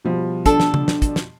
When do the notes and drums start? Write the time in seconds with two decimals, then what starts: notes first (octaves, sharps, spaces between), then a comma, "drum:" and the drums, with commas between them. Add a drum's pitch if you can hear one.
0.05 B2 F3 G3
0.46 D4 A4, drum: kick, hi-hat
0.60 drum: snare
0.74 drum: tom C#3
0.88 drum: snare
1.02 drum: kick, hi-hat
1.16 drum: snare